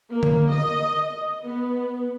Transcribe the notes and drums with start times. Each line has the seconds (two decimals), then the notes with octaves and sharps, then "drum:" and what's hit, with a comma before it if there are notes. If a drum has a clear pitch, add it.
0.12 A#3
0.23 drum: tom D3
0.51 D#5
1.44 B3